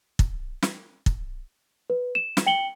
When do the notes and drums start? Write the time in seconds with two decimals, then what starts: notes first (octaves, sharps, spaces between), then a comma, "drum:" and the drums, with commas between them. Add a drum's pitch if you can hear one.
0.19 drum: kick
0.63 drum: snare
1.06 drum: kick
1.90 B4
2.15 E7
2.37 drum: snare
2.47 G5 C#7 F#7 G7